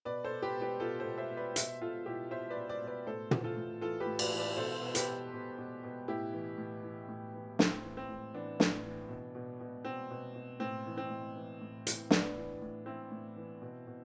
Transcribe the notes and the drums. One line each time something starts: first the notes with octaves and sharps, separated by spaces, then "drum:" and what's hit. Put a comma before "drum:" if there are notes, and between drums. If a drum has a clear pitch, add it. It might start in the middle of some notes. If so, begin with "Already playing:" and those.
B2 B4 D5
A4 C5
B2
G4 B4
B2
G4 B4
B2 F4 A4
A4 C5
B2
C5 E5
B2
B4 D5
B2 C5 E5, drum: hi-hat
B2 F4 A4
B2 E4 G4
B2 C5 E5
B4 D5
B2
B4 D5
B2
B4 D5
A2 A4 C5
E3, drum: tom
F4 A4
A2
E3 F4 A4
G4 B4
A2
B4 D5, drum: cymbal
E3
B4 D5
B2 A4 C5
B2
G4 B4, drum: hi-hat
B2
B2
B2
B2
A2 E4 G4
E3
A2
E3
A2
E3
A2 C4, drum: snare
E3
C4
A2
E3 B3 D4
A2, drum: snare
E3
B2
B2
B2
B2 C4
B2
B2
A2 C4
E3
C4
A2
E3
A2
E3, drum: hi-hat
A2 B3 D4, drum: snare
E3
A2
E3 C4 E4
A2
E3
B2
B2